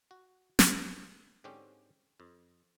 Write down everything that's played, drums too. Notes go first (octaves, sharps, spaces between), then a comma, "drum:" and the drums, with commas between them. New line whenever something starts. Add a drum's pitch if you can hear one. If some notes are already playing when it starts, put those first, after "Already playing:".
F#4
G2 F3 B4 G#5, drum: snare
G#2 D3 C4 C#4 G4
F2